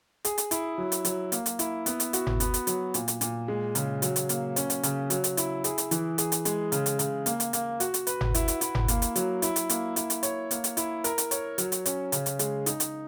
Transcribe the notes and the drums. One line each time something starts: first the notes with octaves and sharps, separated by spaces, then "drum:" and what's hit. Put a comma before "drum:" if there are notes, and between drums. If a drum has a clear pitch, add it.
G#4, drum: hi-hat
drum: hi-hat
E4, drum: hi-hat
F#3
drum: hi-hat
F#3, drum: hi-hat
A#3, drum: hi-hat
drum: hi-hat
E4, drum: hi-hat
B3, drum: hi-hat
drum: hi-hat
F#4, drum: hi-hat
drum: tom G1
B3, drum: hi-hat
drum: hi-hat
F#3, drum: hi-hat
A#2, drum: hi-hat
drum: hi-hat
A#2, drum: hi-hat
G#3
C#3, drum: hi-hat
F#3, drum: hi-hat
drum: hi-hat
A#3, drum: hi-hat
C#4, drum: hi-hat
drum: hi-hat
C#3, drum: hi-hat
F#3, drum: hi-hat
drum: hi-hat
E4, drum: hi-hat
G#4, drum: hi-hat
drum: hi-hat
E3, drum: hi-hat
G#4, drum: hi-hat
drum: hi-hat
G#3, drum: hi-hat
C#3, drum: hi-hat
drum: hi-hat
C#3, drum: hi-hat
A#3, drum: hi-hat
drum: hi-hat
A#3, drum: hi-hat
F#4, drum: hi-hat
drum: hi-hat
B4, drum: hi-hat
drum: tom G1
E4, drum: hi-hat
drum: hi-hat
E4, drum: hi-hat
drum: tom G1
A#3, drum: hi-hat
drum: hi-hat
F#3, drum: hi-hat
E4, drum: hi-hat
drum: hi-hat
A#3, drum: hi-hat
E4, drum: hi-hat
drum: hi-hat
C#5, drum: hi-hat
A#3, drum: hi-hat
drum: hi-hat
E4, drum: hi-hat
A#4, drum: hi-hat
drum: hi-hat
C#5, drum: hi-hat
F#3, drum: hi-hat
drum: hi-hat
C#4, drum: hi-hat
C#3, drum: hi-hat
drum: hi-hat
G#3, drum: hi-hat
D#4, drum: hi-hat
drum: hi-hat